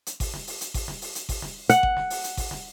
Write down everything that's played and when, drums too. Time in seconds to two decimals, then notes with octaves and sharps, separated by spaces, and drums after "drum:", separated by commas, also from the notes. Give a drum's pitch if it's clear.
0.06 drum: hi-hat
0.20 drum: kick G#1, open hi-hat
0.34 drum: snare
0.47 drum: open hi-hat
0.61 drum: hi-hat
0.74 drum: kick G#1, open hi-hat
0.88 drum: snare
1.02 drum: open hi-hat
1.15 drum: hi-hat
1.29 drum: kick G#1, open hi-hat
1.42 drum: snare
1.70 F#5, drum: hi-hat
1.83 drum: kick G#1
1.97 drum: snare
2.10 drum: open hi-hat
2.24 drum: hi-hat
2.37 drum: kick G#1, open hi-hat
2.51 drum: snare